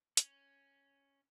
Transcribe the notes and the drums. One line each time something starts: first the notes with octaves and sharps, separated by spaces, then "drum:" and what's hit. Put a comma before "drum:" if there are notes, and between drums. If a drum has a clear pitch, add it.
C#4, drum: hi-hat